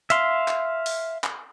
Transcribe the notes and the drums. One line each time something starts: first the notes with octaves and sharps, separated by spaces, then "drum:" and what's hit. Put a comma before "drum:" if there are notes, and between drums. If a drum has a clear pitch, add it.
E5 F5 C6, drum: hi-hat
drum: clap
drum: open hi-hat
drum: clap